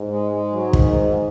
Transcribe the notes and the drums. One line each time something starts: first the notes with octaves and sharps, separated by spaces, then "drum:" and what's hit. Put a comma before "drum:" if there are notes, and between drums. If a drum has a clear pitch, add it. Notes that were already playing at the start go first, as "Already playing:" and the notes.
Already playing: G#2
G#3
G#3
F#3
D#3, drum: kick